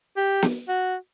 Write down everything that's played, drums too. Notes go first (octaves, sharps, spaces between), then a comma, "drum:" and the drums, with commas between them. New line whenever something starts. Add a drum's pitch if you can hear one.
G4
drum: snare
F#4